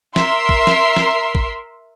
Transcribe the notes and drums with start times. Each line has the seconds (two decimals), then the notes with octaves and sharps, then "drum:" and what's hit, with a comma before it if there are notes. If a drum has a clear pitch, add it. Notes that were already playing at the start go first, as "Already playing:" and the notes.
0.16 A#4 E5 C6, drum: snare
0.49 drum: kick
0.67 drum: snare
0.97 drum: snare
1.35 drum: kick